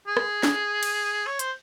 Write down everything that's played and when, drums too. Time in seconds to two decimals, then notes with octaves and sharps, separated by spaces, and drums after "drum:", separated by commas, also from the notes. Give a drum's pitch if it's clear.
0.07 G#4
0.17 drum: rim click
0.43 drum: snare
0.83 drum: cymbal
1.27 C#5
1.39 C5, drum: hi-hat